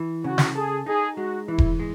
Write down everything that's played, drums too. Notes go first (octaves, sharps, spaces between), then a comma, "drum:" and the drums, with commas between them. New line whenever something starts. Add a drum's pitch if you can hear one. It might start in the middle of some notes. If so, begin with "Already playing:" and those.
Already playing: E3
C#3 F#4
drum: snare
G#4 A4
D#4 G#4
G#3 F#4
E3 E4
drum: kick E1
G#3